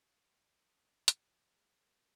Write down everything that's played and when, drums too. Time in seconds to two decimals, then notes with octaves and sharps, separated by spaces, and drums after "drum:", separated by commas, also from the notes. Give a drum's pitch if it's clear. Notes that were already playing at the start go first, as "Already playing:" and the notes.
Already playing: G#2 F3
0.10 C3 F3
0.35 D#3
0.59 D#3
0.84 C#4
1.08 C#4, drum: hi-hat
1.32 F3 F#3
1.57 F#3 G#3
1.82 F#3 A#3